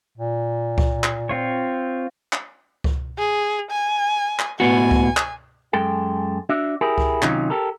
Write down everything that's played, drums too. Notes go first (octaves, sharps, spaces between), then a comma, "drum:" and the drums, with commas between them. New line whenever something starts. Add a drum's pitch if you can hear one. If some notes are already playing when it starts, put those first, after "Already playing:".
A#2
drum: kick C#2
drum: clap
C4 F4 C#5
drum: clap
drum: kick C#2
G#4
G#5
drum: clap
A2 B3 F#4 G#5
drum: kick C#2
drum: clap
F#2 G#3 A4 G5
D4 F#4 E5
E4 G4 G#4 A#4
drum: kick C#2
C3 D#3 F#3 C#4 D#4 F4, drum: clap
G4 A4 A#4